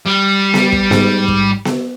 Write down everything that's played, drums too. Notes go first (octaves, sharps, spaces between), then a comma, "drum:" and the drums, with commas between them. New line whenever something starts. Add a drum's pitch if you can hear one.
G3
drum: snare B3
drum: kick
G#2, drum: snare B3
drum: kick
drum: snare B3